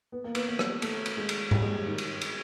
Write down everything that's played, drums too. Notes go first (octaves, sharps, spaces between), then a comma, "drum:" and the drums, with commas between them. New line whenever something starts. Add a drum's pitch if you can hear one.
B3
A#3
B3, drum: cymbal
A#3
drum: rim click
A3, drum: cymbal
drum: cymbal
G#3
drum: cymbal
G3, drum: tom G#2
G#3
G3
D#3
drum: cymbal
drum: cymbal